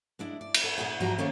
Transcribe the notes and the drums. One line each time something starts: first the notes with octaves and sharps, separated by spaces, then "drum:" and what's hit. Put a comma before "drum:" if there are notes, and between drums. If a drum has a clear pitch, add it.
G#3 D4 E4
D5
drum: cymbal
A4 B4 F#5
A#2 G#4 F#5
E2 G#2 F3 G3 F#4 A#5
D#3 A#3 C#4 A4 C5 C#5